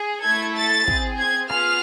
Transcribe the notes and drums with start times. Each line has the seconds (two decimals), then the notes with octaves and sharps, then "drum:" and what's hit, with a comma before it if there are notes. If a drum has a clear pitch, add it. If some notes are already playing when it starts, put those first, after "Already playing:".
Already playing: G#4
0.24 A3 E4 A4 G#6
0.56 A6
0.88 C4 G#4, drum: kick
1.19 G#6
1.50 B3 F4 G#4 F6, drum: rim click